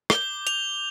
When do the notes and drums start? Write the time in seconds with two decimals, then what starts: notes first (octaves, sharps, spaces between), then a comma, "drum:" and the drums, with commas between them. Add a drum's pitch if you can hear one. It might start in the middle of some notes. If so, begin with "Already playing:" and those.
0.10 D6 G6 G7, drum: rim click
0.47 F7, drum: hi-hat